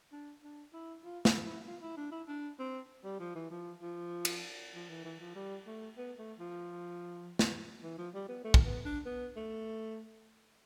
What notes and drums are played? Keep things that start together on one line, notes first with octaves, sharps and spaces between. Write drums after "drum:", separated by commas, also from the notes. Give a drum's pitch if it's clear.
D4
D4
E4
F4
E4, drum: snare
E4
F4
E4
D4
E4
D4
C4
G3
F3
E3
F3
F3
drum: cymbal
F3
E3
E3
F3
G3
A3
B3
A3
F3
drum: snare
E3
F3
G3
B3
A3
drum: kick
B3
D4
B3
A3